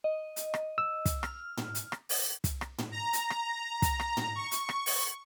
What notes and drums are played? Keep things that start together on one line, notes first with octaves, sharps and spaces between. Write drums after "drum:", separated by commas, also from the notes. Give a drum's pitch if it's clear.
D#5
drum: hi-hat
drum: rim click
E6
drum: kick, hi-hat
F6, drum: rim click
drum: tom
drum: hi-hat
drum: rim click
drum: open hi-hat
drum: kick, hi-hat
drum: rim click
drum: tom
A#5
drum: hi-hat
drum: rim click
drum: kick, hi-hat
drum: rim click
drum: tom
C#6
drum: hi-hat
drum: rim click
drum: open hi-hat